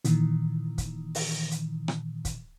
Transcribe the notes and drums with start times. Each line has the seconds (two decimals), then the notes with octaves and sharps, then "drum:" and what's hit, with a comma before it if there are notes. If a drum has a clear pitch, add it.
0.05 A#2 D#3 E3, drum: hi-hat
0.78 drum: kick, hi-hat
1.15 drum: open hi-hat
1.51 drum: hi-hat
1.88 drum: rim click
2.25 drum: kick, hi-hat